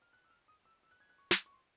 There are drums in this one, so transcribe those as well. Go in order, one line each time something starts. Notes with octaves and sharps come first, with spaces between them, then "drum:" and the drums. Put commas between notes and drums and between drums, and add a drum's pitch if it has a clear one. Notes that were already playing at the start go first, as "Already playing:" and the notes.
F6
F#6
E6
F6
D#6
E6
E6
F#6
G#6
F#6
C#6
drum: snare
C#6
C6